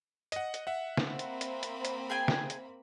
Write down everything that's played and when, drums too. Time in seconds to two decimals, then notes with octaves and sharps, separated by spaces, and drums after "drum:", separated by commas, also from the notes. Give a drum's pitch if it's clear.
0.32 D#5 F#5, drum: hi-hat
0.54 drum: hi-hat
0.67 E5 F#5
0.97 drum: snare
1.08 A#3 C4 B5
1.19 drum: hi-hat
1.41 drum: hi-hat
1.63 drum: hi-hat
1.85 drum: hi-hat
2.10 G#4 G5 G#5
2.28 drum: snare
2.50 drum: hi-hat